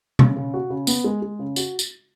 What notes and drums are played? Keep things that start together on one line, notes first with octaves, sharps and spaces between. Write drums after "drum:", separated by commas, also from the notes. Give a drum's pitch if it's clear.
C#3, drum: tom B2
C#3
F#4
C#3
B3, drum: tambourine
G#3
G#3
C#3
F#4, drum: tambourine
drum: tambourine